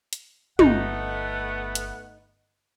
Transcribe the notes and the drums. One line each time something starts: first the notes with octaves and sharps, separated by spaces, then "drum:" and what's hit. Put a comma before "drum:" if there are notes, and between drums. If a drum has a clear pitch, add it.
drum: hi-hat
G1 A3 B3 D#4 F#5, drum: tom
drum: hi-hat